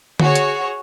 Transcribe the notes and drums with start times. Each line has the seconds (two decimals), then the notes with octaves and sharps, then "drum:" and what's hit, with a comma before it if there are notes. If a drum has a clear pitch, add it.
0.20 F#4 G#4 C#5, drum: tom D3
0.35 drum: hi-hat